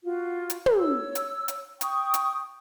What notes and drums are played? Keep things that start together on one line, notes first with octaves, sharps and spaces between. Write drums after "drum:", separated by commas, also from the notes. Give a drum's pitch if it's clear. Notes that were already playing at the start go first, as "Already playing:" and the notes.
F4 F#4
drum: hi-hat
drum: tom
C#5 E6
drum: hi-hat
drum: hi-hat
G5 C#6 D#6, drum: hi-hat
drum: hi-hat